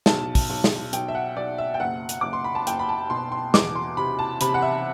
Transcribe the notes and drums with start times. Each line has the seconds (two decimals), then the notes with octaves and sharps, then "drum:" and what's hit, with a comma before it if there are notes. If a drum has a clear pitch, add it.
0.06 B1 A5, drum: snare
0.35 drum: kick, open hi-hat
0.50 B1
0.64 drum: snare
0.93 B1 G5, drum: hi-hat
1.08 E5
1.15 F#5
1.37 B1 D5
1.58 E5
1.74 G5
1.80 F#1 F#5
2.09 drum: hi-hat
2.21 F#1 D6
2.33 C6
2.44 B5
2.55 A5
2.67 F#1 G5, drum: hi-hat
2.79 B5
2.89 A5
3.10 B2 C6
3.32 C6
3.54 E2 D6, drum: snare
3.75 C6
3.97 C3 B5
4.19 A5
4.41 C3 B5, drum: hi-hat
4.54 F#5
4.62 E5